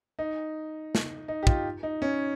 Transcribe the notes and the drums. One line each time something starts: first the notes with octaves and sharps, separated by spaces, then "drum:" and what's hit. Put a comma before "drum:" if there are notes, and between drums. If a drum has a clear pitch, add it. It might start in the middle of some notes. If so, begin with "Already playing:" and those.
D#4
drum: snare
D#4
G4
F4, drum: kick
D#4
C#4